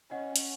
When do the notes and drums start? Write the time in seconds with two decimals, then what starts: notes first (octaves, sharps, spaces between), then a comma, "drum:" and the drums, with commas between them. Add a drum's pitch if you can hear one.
0.11 C#4 D#5 F#5
0.36 drum: hi-hat